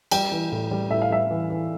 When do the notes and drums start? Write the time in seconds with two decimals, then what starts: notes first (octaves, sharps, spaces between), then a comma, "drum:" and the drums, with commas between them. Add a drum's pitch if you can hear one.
0.11 G3 G5, drum: cymbal
0.32 E3
0.52 A2
0.71 G3
0.91 A2 E5
1.02 F5
1.10 G3 E5
1.31 E3
1.50 E3